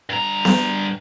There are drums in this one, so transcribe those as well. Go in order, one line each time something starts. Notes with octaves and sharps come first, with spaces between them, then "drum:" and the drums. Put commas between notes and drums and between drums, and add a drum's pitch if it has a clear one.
G2 A#5
drum: snare B3